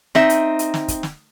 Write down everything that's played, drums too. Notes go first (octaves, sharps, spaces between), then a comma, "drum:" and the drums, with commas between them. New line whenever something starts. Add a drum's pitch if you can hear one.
C4 D#4 E5, drum: snare
drum: hi-hat
drum: hi-hat
drum: snare
drum: kick, hi-hat
drum: snare